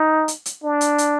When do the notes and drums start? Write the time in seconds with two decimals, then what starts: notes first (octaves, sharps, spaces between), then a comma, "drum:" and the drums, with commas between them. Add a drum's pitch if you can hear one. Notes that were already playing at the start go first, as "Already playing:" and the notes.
Already playing: D#4
0.28 drum: hi-hat
0.46 drum: hi-hat
0.64 D4
0.81 drum: hi-hat
0.98 drum: hi-hat